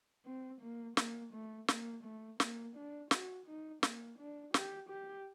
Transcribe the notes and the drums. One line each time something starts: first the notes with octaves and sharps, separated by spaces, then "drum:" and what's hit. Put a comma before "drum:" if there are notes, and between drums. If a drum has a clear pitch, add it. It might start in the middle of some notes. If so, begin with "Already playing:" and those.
C4
A#3
A#3, drum: snare
A3
A#3, drum: snare
A3
A#3, drum: snare
D4
F#4, drum: snare
D#4
A#3, drum: snare
D4
G4, drum: snare
G4